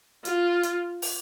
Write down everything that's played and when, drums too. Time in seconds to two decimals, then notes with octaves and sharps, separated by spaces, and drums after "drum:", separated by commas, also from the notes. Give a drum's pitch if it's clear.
0.25 F4, drum: hi-hat
0.63 drum: hi-hat
1.02 drum: open hi-hat